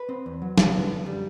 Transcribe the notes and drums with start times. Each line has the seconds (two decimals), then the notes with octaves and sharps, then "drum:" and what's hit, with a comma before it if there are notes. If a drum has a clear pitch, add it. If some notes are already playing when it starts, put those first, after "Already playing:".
Already playing: B4
0.09 C4
0.26 E2
0.42 F#3
0.58 D3 A4, drum: snare
0.74 B3
0.90 F#2
1.06 G3